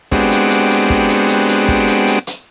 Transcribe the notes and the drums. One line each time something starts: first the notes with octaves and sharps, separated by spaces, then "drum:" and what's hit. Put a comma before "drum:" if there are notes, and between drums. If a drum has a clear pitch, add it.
G#3 B3 C4 D4 F#4 G4, drum: kick
drum: hi-hat
drum: hi-hat
drum: hi-hat
drum: kick
drum: hi-hat
drum: hi-hat
drum: hi-hat
drum: kick
drum: hi-hat
drum: hi-hat
drum: hi-hat